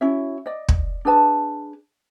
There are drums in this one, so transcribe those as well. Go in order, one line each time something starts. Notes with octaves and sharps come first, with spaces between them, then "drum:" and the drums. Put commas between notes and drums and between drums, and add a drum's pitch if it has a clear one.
C#4 E4 F#4 E5
D5 D#5
drum: kick
D4 G#4 B4 A5